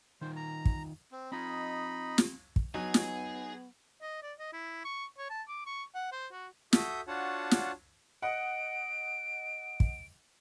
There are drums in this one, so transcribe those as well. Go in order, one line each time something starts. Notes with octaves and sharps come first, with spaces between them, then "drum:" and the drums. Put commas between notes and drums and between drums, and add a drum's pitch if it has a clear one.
D#3 D#4 F4 C5
A#5
drum: kick
C4
C4 D#4 F4 D#5 B5
drum: snare
drum: kick
F#3 B3 D#4 G#4 G#5
drum: snare
D#5
D5
D#5
E4
C#6
C#5
A5
D6
C#6
F#5
C5
F#4
F#4 A4 E5 D#6 G6, drum: snare
D4 F4 F#4 C#5 F#5 A5
drum: snare
D#5 F#5 D7
drum: kick